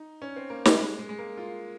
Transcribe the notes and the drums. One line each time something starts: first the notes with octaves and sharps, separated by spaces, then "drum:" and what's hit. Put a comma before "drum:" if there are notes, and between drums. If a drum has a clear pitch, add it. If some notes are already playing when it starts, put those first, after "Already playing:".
Already playing: D#4
C#4
C4
A#3
G3, drum: snare
G#3
G#3
G#3
A#3
F4